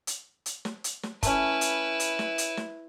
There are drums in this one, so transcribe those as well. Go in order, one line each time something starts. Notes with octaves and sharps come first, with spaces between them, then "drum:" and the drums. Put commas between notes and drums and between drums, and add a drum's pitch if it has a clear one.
drum: hi-hat
drum: hi-hat
drum: snare
drum: hi-hat
drum: snare
A3 C#4 E4 B4, drum: kick, hi-hat
drum: hi-hat
drum: hi-hat
drum: snare
drum: hi-hat
drum: snare